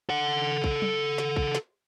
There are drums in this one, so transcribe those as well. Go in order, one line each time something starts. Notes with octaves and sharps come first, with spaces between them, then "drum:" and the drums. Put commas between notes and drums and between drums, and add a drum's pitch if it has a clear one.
A4 F#5
drum: kick
drum: tom F#3
drum: snare
drum: kick
drum: snare